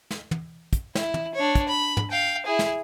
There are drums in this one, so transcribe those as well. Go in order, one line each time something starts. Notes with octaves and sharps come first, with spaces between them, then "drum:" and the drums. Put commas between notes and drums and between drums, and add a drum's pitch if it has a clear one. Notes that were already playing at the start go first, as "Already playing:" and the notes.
drum: snare
drum: tom
drum: kick, hi-hat
E4, drum: snare
drum: tom
D4 C#5
drum: kick, hi-hat
B5
drum: tom
F5 G5
E4 G#4
drum: snare